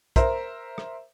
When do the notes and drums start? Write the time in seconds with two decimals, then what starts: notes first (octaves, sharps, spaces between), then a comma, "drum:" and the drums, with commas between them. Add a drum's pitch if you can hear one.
0.16 A#4 C5 E5, drum: kick, hi-hat
0.78 drum: rim click